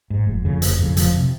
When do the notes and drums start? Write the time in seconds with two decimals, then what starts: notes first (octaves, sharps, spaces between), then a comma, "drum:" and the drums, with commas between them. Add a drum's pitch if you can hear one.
0.10 G#2
0.27 F1
0.45 F2 C#3
0.62 F1, drum: hi-hat
0.79 F2 C#3
0.97 F1 F3, drum: hi-hat
1.16 C3